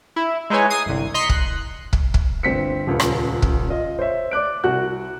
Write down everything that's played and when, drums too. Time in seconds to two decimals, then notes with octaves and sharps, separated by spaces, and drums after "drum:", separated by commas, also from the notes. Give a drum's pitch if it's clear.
0.16 E4
0.50 G#3 D#4 E4 B4 C#5 G#5
0.70 D#6 G#6 C7 D#7
0.86 G1 C2
1.14 D#5 A#5 C6 B6 C#7
1.29 F#6, drum: kick
1.93 drum: kick
2.14 drum: kick
2.43 G1 C4 B6 C#7
2.87 D#1 C#2
3.00 drum: rim click
3.42 drum: kick
3.69 F4 D#5
3.99 C5 C#5 E5
4.31 D5 D6 F#6 D7
4.64 C2 F#4 F#6